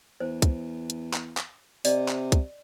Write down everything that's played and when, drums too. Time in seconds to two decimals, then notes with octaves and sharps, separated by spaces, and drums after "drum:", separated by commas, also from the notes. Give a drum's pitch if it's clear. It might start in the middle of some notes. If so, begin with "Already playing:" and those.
0.20 E2 C5
0.42 drum: kick, hi-hat
0.90 drum: hi-hat
1.13 drum: clap
1.37 drum: clap
1.85 C3 D5 D#5, drum: open hi-hat
2.08 drum: clap
2.32 drum: kick, hi-hat